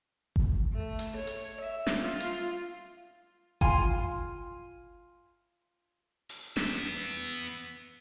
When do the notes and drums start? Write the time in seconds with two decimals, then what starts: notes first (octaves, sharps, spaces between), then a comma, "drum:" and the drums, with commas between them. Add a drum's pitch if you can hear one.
0.36 drum: kick G1
0.74 A3
0.99 drum: hi-hat
1.16 C#5
1.27 drum: hi-hat
1.61 E5
1.87 drum: snare
2.01 F4
2.20 drum: hi-hat
3.61 F4 G#5, drum: kick G1
6.29 drum: open hi-hat
6.57 B3 E5, drum: snare